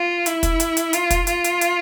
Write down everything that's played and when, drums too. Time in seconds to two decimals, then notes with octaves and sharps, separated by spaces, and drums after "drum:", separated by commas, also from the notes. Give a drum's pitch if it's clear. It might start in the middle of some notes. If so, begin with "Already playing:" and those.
Already playing: F4
0.26 E4, drum: hi-hat
0.43 drum: kick, hi-hat
0.60 drum: hi-hat
0.77 drum: hi-hat
0.93 F4, drum: hi-hat
1.10 drum: kick, hi-hat
1.27 F4, drum: hi-hat
1.44 drum: hi-hat
1.61 drum: hi-hat